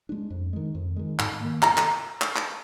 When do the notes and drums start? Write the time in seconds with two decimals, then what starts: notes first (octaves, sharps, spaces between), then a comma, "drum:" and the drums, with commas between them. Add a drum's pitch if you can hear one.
0.09 G#3 D4
0.30 F2
0.53 D#3 G#3
0.75 F2
0.96 D#3 G#3
1.19 G#2, drum: clap
1.41 D#3 A#3
1.62 A#5, drum: clap
1.77 drum: clap
2.21 drum: clap
2.36 drum: clap